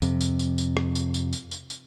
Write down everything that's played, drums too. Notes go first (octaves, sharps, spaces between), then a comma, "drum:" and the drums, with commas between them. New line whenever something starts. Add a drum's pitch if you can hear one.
F2 C3, drum: tambourine
drum: tambourine
drum: tambourine
drum: tambourine
drum: rim click
drum: tambourine
drum: tambourine
drum: tambourine
drum: tambourine
drum: tambourine